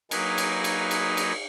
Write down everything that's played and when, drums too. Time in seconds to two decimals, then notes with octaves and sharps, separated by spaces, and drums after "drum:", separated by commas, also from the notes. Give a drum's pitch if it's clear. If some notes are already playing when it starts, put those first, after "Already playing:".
0.11 F#3 A#3 D#4 G#4 B4, drum: cymbal
0.38 drum: cymbal
0.64 drum: cymbal
0.91 drum: cymbal
1.17 drum: cymbal